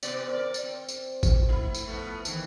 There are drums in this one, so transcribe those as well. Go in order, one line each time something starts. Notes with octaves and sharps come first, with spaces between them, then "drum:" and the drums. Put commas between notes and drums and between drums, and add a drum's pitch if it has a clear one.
C3 B3 D5, drum: tambourine
A#4 D5
drum: tambourine
C4
drum: tambourine
drum: kick A1, tambourine
A3 E4
drum: tambourine
F3 A3 B3
B2 D#3 E3, drum: tambourine